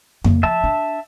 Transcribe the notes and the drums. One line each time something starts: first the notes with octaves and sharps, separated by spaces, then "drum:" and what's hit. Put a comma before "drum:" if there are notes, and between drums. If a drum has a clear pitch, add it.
A#3, drum: tom F2
F3 E5 A5
D4